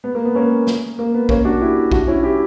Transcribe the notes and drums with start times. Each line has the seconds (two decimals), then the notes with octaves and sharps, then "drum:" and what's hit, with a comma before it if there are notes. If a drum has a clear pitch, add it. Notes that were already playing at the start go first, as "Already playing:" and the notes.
0.04 B3
0.15 A#3
0.25 B3
0.35 A#3 C#4
0.67 drum: snare
0.99 A#3
1.14 B3
1.29 A#3 C#4, drum: kick A#1
1.45 D4 F#4
1.61 E4 G4
1.92 D4 F#4, drum: kick A#1
2.07 C#4 E4
2.23 E4 G4